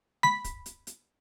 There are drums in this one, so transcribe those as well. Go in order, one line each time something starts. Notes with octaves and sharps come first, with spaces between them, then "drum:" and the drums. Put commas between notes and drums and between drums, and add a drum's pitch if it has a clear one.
B5 B6, drum: snare G#3
drum: kick, hi-hat
drum: hi-hat
drum: hi-hat